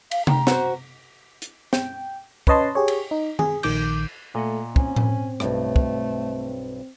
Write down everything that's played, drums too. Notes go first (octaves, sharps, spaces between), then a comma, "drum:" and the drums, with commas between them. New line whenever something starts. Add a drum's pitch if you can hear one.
F5, drum: cymbal
G4 A#5, drum: tom C3
F#4 C5, drum: snare
drum: hi-hat
G5, drum: snare
C#4 B4 C#5 D#5 A5 C6, drum: kick
G4 G#4 C#5
drum: cymbal
D#4
G#4, drum: tom D#3
A#1 D#3 D6 G6, drum: cymbal
A#2 A3 D#5 F#5
C4 C#4, drum: kick
drum: tom A2
B1 G2 A3, drum: rim click
drum: kick